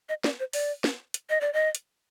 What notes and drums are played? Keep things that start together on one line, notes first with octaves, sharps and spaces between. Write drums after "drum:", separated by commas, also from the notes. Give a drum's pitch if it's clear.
D#5
D5, drum: snare
C5
D5, drum: open hi-hat
drum: snare
drum: hi-hat
D#5
D5
D#5
drum: hi-hat